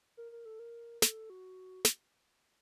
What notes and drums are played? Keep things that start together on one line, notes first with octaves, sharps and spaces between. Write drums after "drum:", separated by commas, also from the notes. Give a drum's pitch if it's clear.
A#4
A#4
A4
A#4
A4, drum: snare
F#4
drum: snare